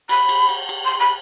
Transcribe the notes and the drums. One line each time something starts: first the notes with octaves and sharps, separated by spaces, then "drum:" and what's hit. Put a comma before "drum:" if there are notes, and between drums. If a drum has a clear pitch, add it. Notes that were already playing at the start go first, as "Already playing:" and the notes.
B5, drum: cymbal
drum: cymbal
drum: cymbal
drum: cymbal
C6
B5